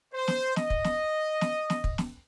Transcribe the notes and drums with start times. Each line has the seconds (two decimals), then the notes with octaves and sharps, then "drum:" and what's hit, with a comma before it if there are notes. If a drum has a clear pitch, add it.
0.13 C5
0.28 drum: snare
0.56 D#5, drum: snare
0.70 drum: kick
0.84 drum: snare
1.41 drum: snare
1.70 drum: snare
1.84 drum: kick
1.98 drum: snare